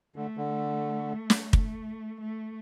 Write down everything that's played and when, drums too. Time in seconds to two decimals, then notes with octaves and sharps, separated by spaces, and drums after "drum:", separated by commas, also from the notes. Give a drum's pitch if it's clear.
0.16 D3 A3
0.37 D3
0.49 A3
1.30 drum: snare
1.53 A3, drum: kick
2.21 A3